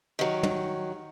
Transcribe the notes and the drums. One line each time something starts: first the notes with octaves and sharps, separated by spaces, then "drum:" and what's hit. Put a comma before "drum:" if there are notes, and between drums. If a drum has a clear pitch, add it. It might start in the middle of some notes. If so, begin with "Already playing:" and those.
D#3 F#3
drum: tom